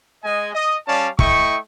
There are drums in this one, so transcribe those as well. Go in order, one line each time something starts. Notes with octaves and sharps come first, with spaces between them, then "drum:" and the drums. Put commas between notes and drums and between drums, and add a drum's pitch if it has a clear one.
G#3 D#5 G#5
D#5
G3 C#4 C#5 D5 F5 A5
A3 E4 D#5 G5 C#6, drum: kick